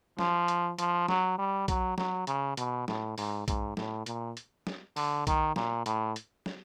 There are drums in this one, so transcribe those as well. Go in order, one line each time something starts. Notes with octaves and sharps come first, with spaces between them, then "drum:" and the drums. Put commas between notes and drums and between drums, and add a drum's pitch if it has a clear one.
F3, drum: snare
drum: hi-hat
F3, drum: hi-hat
F#3, drum: snare
G3
F#3, drum: kick B1, hi-hat
F#3, drum: snare
C#3, drum: hi-hat
B2, drum: hi-hat
A2, drum: snare
G#2, drum: open hi-hat
G#2, drum: kick B1, hi-hat
A2, drum: snare
A#2, drum: hi-hat
drum: hi-hat
drum: snare
D3, drum: open hi-hat
D#3, drum: kick B1, hi-hat
A#2, drum: snare
A2, drum: hi-hat
drum: hi-hat
drum: snare